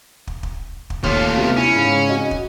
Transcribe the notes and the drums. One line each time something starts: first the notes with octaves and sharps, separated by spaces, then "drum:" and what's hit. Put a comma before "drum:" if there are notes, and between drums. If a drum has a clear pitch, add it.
drum: kick
drum: kick
drum: kick
D#2 A3 F4 C#5, drum: kick
C3 B3
C#4 E4
G#2 C#3 B5
F#4 D#5
drum: kick